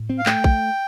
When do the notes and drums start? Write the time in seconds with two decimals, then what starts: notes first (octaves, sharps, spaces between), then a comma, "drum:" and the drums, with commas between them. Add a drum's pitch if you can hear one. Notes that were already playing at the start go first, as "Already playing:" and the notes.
Already playing: A2
0.10 C4
0.18 F5
0.26 A3 G5, drum: clap
0.44 drum: kick A#1